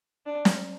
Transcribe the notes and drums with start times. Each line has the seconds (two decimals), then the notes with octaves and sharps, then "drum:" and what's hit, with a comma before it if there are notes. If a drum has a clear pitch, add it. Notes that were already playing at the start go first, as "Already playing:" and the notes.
0.26 D4
0.45 drum: snare